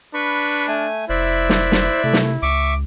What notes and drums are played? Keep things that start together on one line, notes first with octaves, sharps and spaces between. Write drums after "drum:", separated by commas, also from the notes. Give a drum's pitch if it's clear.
D4 B4 B5 C#6
A3 G#5
F1 E4 C5 D5 E5 F#6
drum: snare
drum: snare
C3 A3
drum: snare
C#2 E5 C#6 D6